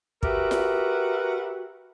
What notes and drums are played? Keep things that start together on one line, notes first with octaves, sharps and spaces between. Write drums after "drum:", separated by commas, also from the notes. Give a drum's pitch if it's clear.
F#4 G4 A#4 B4 E5, drum: kick
drum: snare F4